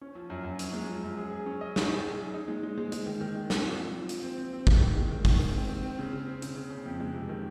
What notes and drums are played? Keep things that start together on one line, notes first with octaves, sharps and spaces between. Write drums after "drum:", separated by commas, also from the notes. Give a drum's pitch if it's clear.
C#4
F3
F#2
F#2
C#4, drum: hi-hat
G#3
F3
F#2
G#4
G#4
C#4
D#5
C#4, drum: snare
G#4
G#4
G#4
D#4
G#3
G#3
G#3
G#3, drum: hi-hat
D#3
D#3
G#3
C4, drum: snare
F3
F4
F3
F4, drum: hi-hat
C4
C4
C4
C4, drum: kick
D#3
G#3
D#3
G#3, drum: kick, open hi-hat
D#3
C4
D#3
C4
C#3
C#3
C4
C#3, drum: hi-hat
C#3
C#3
F2
G#3
C3
D#3